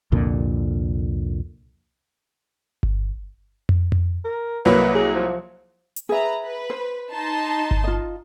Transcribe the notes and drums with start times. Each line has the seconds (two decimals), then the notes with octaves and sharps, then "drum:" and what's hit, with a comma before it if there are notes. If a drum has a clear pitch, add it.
0.12 C2 F2 A#2 D3
2.83 drum: kick G1
3.69 drum: tom F2
3.92 drum: tom F2
4.25 A#4
4.65 C2 F#3 A#3 B4
4.95 G#4
5.15 F3
5.96 drum: hi-hat
6.09 G#4 B4 E5 A#5
6.41 B4
6.70 C5
7.13 D#4 A5 C6
7.71 drum: kick G1
7.84 F4 D#5